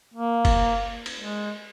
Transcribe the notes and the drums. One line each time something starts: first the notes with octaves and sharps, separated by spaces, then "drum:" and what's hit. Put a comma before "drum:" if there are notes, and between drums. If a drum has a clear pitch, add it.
A#3
drum: kick, cymbal
drum: cymbal
G#3